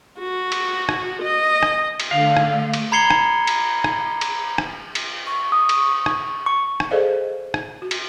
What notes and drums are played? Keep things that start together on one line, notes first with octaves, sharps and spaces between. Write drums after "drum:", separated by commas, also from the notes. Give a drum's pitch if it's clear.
F#4
drum: cymbal
drum: rim click
D#5
drum: rim click
drum: cymbal
D3 A3 F5
drum: rim click
drum: cymbal
A#5 B5 G#6 C7 C#7 G7
drum: rim click
drum: cymbal
drum: rim click
drum: cymbal
drum: rim click
drum: cymbal
C#6
D#6
drum: cymbal
drum: rim click
C#6
drum: rim click
G#4 A4 C5 D5 D#5 F5
drum: rim click
F#4
drum: cymbal